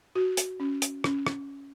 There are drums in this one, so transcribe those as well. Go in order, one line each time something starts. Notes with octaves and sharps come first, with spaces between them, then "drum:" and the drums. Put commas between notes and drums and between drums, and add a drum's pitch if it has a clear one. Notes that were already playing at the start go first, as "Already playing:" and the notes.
F#4
drum: hi-hat
C#4
drum: hi-hat
C#4, drum: rim click
drum: rim click